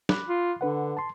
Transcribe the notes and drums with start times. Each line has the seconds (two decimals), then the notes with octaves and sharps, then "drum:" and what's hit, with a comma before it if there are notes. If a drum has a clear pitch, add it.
0.09 B5 D6 F#6, drum: snare
0.29 F4
0.61 D3 D4 B4 F#5
0.97 A5 C6